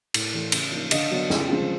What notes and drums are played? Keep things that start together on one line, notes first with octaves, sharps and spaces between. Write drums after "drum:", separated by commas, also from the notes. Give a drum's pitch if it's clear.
A2, drum: cymbal
E3 A3
C#3, drum: cymbal
F3 A#3 D#4
D3 D#5 F5, drum: cymbal
F#3 B3 D4
C#3, drum: snare
F3 G#3 C4 F4